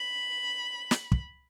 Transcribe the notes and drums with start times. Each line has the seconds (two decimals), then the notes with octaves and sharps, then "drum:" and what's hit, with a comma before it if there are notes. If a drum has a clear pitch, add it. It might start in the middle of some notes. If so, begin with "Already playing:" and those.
Already playing: B5
0.91 drum: snare
1.12 drum: kick